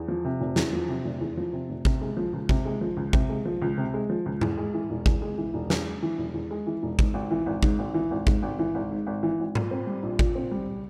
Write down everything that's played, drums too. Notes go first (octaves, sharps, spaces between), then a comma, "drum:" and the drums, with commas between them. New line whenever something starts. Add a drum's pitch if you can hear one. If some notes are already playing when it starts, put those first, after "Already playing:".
Already playing: E2
F3
C3
F1
E2, drum: snare
F3
C3
F1
E2
F3
C3
F1
C3, drum: kick G#1
G#3
F3
C#2
C3, drum: kick G#1
G#3
F3
C#2
C3, drum: kick G#1
G#3
F3
C#2
C3
G#3
F3
C#2
E2, drum: tom G#2
G#3
E3
E1
E2, drum: kick G#1
G#3
E3
E1
E2, drum: snare
G#3
E3
E1
E2
G#3
E3
E1
G#2, drum: kick G#1
G#1
E3
G#1
G#2, drum: kick G#1
G#1
E3
G#1
G#2, drum: kick G#1
G#1
E3
G#1
G#2
G#1
E3
G#1
A#2, drum: tom G#2
C4
G3
A#1
A#2, drum: kick G#1
C4
G3